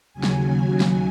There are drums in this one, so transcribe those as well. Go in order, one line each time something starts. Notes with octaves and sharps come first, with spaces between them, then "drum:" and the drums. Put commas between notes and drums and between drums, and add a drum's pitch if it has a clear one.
D#2 C#3 F#3 G#5
drum: snare
G#5
drum: snare